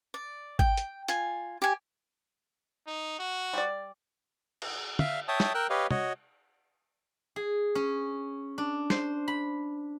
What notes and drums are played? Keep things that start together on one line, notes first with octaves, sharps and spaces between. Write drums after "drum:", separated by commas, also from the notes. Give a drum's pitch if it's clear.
D5
G5, drum: kick G#1
drum: hi-hat
F4 G#5, drum: hi-hat
G4 G#5
D#4
F#4
G3 D5
drum: cymbal
E5 F5, drum: tom
C#5 E5 G5 A5 D#6
drum: snare
A#4 G5 E6 F#6
G4 B4 C#5 D#5 F5
F#4 C#5 D#5, drum: tom
G#4
C#4
D4
C5, drum: snare
B5